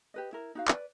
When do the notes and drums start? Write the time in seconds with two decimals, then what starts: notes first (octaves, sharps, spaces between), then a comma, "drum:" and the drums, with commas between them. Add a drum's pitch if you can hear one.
0.14 G4 B4 D#5
0.33 E4 A#4
0.55 D#4 F#4 F5
0.68 B4 D5, drum: clap